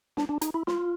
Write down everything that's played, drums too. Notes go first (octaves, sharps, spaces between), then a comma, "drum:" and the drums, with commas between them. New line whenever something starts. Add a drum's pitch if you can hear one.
D4, drum: snare
D4
D#4, drum: hi-hat
E4
F4, drum: snare